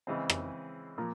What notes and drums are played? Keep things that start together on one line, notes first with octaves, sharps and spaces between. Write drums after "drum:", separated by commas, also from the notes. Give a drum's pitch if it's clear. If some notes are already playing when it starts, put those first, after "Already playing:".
C#3 E3 G#3 C4
drum: rim click
A#2 F3 A#3